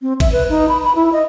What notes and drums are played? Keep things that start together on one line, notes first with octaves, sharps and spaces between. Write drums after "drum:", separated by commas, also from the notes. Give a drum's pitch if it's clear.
C4
E5, drum: kick G#1, cymbal
B4
D#4
B5
B5
E4
D#5